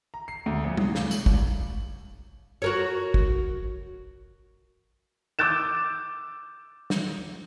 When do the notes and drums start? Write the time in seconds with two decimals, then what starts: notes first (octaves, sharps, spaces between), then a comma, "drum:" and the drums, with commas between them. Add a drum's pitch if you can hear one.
0.14 A#5
0.28 C7
0.46 D2
0.64 A#1
0.77 C3, drum: tom G3
0.95 C#2, drum: snare
1.11 F#7, drum: tambourine
1.26 C2, drum: kick
2.62 F#4 A#4 C#5
3.14 drum: kick
5.39 D6 E6 G6 A6 E7
6.90 drum: snare